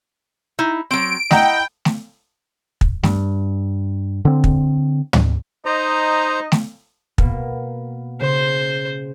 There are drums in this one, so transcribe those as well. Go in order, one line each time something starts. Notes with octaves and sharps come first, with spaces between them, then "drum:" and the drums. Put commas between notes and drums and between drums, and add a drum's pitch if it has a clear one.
D#4 E4
F#3 C4 D7
E4 D#5 F#5 G5 A#5, drum: snare
drum: snare
drum: kick
G2, drum: snare
D3 C4
drum: kick
drum: tom
D#4 C5 D#5 A#5
drum: snare
B2 A#3 B3, drum: kick
C#3 C5 C6